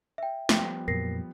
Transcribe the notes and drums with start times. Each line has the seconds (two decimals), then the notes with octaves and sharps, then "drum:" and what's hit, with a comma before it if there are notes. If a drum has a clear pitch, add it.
0.18 E5 G5
0.49 F3 G3 B3, drum: snare
0.88 F2 A#2 F#3 A#4 A#6 C7